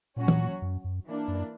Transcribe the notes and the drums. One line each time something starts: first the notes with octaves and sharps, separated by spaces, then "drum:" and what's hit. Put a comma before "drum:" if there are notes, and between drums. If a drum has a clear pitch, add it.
A#2 F#3 C#4 F#4
drum: tom E3
F#2
F#2
E3 A#3 D4
F#2